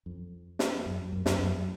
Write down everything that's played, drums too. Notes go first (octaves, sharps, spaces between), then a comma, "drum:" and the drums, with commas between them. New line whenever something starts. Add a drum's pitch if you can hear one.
F2
drum: snare
F#2
F#2
F#2, drum: snare
F#2